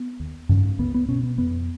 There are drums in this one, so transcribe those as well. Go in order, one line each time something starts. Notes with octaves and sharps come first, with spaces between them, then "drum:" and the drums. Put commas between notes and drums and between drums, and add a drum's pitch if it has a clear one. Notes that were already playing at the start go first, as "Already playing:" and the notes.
Already playing: B3
D#2
C#3, drum: tom G2
C#2 B3
B3
B2 C#4
B3
F2 B3